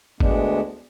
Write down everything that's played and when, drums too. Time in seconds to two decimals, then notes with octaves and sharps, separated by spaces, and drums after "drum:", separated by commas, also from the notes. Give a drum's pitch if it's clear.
0.20 D2 G#3 B3 D4, drum: kick G1